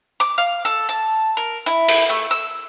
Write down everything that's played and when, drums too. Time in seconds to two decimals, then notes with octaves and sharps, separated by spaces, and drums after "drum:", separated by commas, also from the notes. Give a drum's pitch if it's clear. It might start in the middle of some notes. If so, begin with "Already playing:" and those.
0.20 D6
0.38 F5
0.65 A4
0.89 A5
1.37 A#4
1.66 E4
1.89 drum: open hi-hat
2.09 A3
2.31 E6